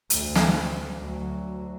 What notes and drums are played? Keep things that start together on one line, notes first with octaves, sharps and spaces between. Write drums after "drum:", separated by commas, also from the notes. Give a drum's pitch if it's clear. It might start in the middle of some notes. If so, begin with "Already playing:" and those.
D2, drum: hi-hat
drum: snare
D2 F#3